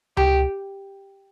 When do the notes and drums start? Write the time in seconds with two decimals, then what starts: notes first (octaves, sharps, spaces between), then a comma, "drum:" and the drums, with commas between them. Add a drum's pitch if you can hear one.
0.17 G4, drum: tom C#2